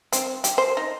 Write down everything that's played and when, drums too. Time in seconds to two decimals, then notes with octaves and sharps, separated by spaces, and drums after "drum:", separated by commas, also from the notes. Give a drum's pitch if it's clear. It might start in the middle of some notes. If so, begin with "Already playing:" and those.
0.12 C4, drum: hi-hat
0.44 G4, drum: hi-hat
0.58 C5
0.77 D#4